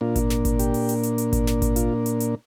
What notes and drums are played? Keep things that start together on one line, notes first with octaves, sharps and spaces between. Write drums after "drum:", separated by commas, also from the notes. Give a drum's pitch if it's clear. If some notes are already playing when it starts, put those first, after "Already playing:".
A#2 A#3 D4 F4
drum: kick G#1, hi-hat
drum: snare
drum: kick G#1, hi-hat
G4, drum: hi-hat
drum: open hi-hat
drum: hi-hat
drum: hi-hat
drum: hi-hat
drum: kick G#1, hi-hat
drum: snare
drum: kick G#1, hi-hat
F4, drum: hi-hat
drum: hi-hat
drum: hi-hat